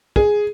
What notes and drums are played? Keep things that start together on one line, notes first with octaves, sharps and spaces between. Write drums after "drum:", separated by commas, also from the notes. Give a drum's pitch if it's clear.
G#4, drum: kick